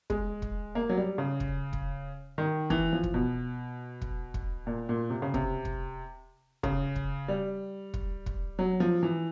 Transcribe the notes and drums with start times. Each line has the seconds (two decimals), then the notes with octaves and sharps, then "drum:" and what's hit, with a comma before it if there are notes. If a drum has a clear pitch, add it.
0.10 G#3, drum: kick
0.42 drum: kick
0.75 A#3
0.89 F#3
0.97 G3
1.18 C#3
1.40 drum: kick
1.73 drum: kick
2.38 D#3
2.70 E3, drum: kick
2.93 F3
3.03 drum: kick
3.14 B2
4.01 drum: kick
4.34 drum: kick
4.67 A#2
4.89 A#2
5.10 C3
5.22 C#3
5.34 C3, drum: kick
5.65 drum: kick
6.63 C#3, drum: kick
6.96 drum: kick
7.28 G3
7.94 drum: kick
8.26 drum: kick
8.59 F#3
8.80 F3
9.03 E3